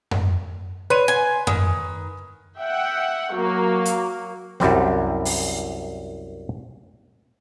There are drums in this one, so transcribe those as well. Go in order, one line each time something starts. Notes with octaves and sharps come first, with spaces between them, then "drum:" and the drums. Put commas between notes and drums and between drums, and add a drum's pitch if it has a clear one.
drum: tom F#2
B4 C#5 C6 D#7
G#5
D#3, drum: tom F#2
E5 F#5 G5
F#3 A#3
drum: hi-hat
C2 F#2 G3 C4, drum: snare
drum: open hi-hat